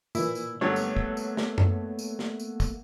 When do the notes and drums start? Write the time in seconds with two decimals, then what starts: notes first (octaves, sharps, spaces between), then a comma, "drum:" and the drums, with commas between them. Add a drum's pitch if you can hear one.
0.15 A#2 E3 A#3 E4, drum: tambourine
0.35 drum: tambourine
0.61 G2 D3 F#3 A3 B3 C#5
0.76 drum: tambourine
0.97 drum: kick
1.17 drum: tambourine
1.37 drum: snare
1.58 drum: tom F#2
1.99 drum: tambourine
2.19 drum: snare
2.39 drum: tambourine
2.60 drum: kick, tambourine